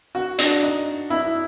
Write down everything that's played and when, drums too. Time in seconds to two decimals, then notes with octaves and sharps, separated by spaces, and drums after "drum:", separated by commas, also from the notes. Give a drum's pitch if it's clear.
0.15 F#4
0.38 D4, drum: hi-hat
0.63 D#4
1.10 E4